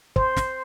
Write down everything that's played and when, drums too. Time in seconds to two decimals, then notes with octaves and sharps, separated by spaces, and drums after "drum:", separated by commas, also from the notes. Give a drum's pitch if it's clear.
0.16 C5, drum: kick
0.37 drum: snare